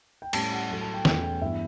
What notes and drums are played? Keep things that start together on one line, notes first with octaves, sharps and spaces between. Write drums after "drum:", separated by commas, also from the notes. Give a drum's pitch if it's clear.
G5
A2 G3 C#4 A5, drum: cymbal
F#5
A2 F#3 A3
A5
G5
E2 B2 A3 C#4 G5, drum: snare
G5
G2 E3 B3 E5